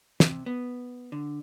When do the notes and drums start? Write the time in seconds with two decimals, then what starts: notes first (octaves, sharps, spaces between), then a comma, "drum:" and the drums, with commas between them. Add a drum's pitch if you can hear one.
0.20 C3, drum: snare
0.46 B3
1.12 D3